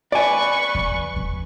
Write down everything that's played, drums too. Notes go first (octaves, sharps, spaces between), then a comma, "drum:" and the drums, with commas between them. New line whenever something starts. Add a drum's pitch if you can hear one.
B4 D5 G#5 C#6
drum: kick E2
drum: kick E2